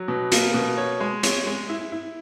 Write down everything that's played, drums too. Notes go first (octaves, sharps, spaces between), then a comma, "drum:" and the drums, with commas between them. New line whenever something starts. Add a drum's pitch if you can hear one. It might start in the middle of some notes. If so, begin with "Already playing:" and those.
Already playing: F#3
B2
A#3, drum: hi-hat
B2
C#5
G#3
C#5, drum: hi-hat
G#3
E4
E4